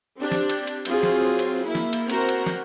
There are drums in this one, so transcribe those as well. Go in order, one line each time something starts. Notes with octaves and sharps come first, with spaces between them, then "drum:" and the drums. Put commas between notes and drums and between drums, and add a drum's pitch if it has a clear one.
C4 D4 G4
drum: snare
drum: cymbal
drum: cymbal
F#3 C4 F4 G#4, drum: cymbal
drum: snare
drum: cymbal
A#3 E4
drum: snare
drum: cymbal
C4 F#4 A#4 C5 F#5 A#5, drum: cymbal
drum: cymbal
drum: snare